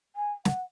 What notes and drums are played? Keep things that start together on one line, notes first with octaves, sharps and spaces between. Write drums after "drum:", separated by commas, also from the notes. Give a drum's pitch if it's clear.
G#5
F#5, drum: snare